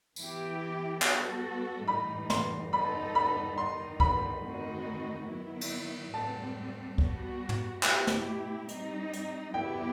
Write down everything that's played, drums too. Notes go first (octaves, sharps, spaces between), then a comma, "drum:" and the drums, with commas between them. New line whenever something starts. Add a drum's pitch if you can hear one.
E3 B3 E4 G4, drum: tambourine
G3 B3 F#4 A4, drum: clap
A2 E3 G3 D#4 B5
C6, drum: snare
G3 D#4 A4 B5
B5
D#3 G3 D#4 C6
B5, drum: kick C2
D#3 A3 C4 D#4 F#4
D#3 F#3 B3 E4
drum: cymbal
A2 G3 C4 A5
G3 B3 F#4, drum: kick C2
drum: tom
B2 A3 E4 G4, drum: clap
drum: snare
G3 C4 D#4, drum: hi-hat
drum: hi-hat
F#3 B3 E4 G4 G5